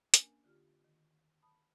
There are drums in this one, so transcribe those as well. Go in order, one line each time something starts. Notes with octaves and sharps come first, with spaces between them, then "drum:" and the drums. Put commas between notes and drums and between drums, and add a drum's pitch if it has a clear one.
A#3 C#4 D4 A#4 G#5, drum: hi-hat
D3 F4 G4 F6
D#3
A5 B5 D#6